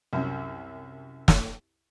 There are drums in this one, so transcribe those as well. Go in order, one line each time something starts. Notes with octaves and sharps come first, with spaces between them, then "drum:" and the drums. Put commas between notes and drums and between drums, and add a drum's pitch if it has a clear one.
C2 F#2
drum: snare